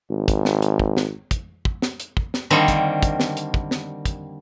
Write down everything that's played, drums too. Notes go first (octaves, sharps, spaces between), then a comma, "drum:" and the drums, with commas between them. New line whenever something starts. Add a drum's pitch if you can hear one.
G#1
drum: kick, hi-hat
drum: snare
drum: hi-hat
drum: kick
drum: snare
drum: kick, hi-hat
drum: kick
drum: snare
drum: hi-hat
drum: kick
drum: snare
D3 D#3 G3 A#3 C4
drum: kick, hi-hat
drum: kick, hi-hat
drum: snare
drum: hi-hat
drum: kick
drum: snare
drum: kick, hi-hat